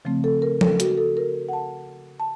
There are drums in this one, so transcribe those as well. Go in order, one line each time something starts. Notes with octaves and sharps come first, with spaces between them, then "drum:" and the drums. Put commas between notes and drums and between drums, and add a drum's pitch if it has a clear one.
C#3 F3 A3 C4
A4
A#4
A4, drum: tom
F#4, drum: hi-hat
A4
A#4
F#5
A5
A5